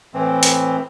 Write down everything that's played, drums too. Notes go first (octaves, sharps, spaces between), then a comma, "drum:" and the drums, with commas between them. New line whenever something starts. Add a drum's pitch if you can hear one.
A2 E3 C4
drum: hi-hat